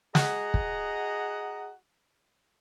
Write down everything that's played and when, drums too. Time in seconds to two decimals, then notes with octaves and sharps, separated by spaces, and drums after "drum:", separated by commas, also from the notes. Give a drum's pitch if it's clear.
0.15 F#4 G#4 D#5 F#5 A#5, drum: snare
0.54 drum: kick